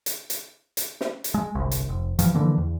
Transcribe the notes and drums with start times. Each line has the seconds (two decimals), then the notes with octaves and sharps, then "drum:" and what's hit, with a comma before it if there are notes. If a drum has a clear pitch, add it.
0.06 drum: hi-hat
0.30 drum: hi-hat
0.77 drum: hi-hat
1.01 drum: snare
1.24 drum: hi-hat
1.34 G#3
1.55 G1 C2
1.71 drum: hi-hat
1.89 F1
2.19 G1 G2 E3 F3, drum: hi-hat
2.35 D3 E3 F3 A#3
2.58 E2